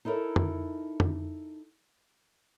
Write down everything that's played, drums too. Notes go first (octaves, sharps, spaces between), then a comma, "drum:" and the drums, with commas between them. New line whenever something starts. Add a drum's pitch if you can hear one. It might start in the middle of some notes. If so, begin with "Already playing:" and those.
D#4 E4 A4 A#4 C#5
drum: tom F2
drum: tom F2